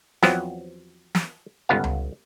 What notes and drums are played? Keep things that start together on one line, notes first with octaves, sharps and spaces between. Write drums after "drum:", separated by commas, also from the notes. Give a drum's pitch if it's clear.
E2 F3 F#3 B3 C4, drum: snare
drum: snare
G1 C#2 B3 F5
drum: tom C#2